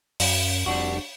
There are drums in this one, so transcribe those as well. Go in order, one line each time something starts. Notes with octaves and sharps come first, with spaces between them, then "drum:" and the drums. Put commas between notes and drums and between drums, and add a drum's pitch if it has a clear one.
F#2, drum: open hi-hat
F1 G3 D4 F#4